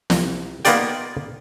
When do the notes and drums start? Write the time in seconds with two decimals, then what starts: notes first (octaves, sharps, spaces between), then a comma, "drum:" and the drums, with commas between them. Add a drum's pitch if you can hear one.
0.10 C2, drum: snare
0.65 A#3 B3 D#4 F4 D5 G5, drum: hi-hat